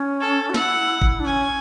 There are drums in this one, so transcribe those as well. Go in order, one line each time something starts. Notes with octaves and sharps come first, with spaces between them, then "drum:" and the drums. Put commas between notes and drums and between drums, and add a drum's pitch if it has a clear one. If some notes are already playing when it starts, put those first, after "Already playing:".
Already playing: C#4
A4
F#4
E4 F#5, drum: snare
drum: kick G1
D4
C#4 G#5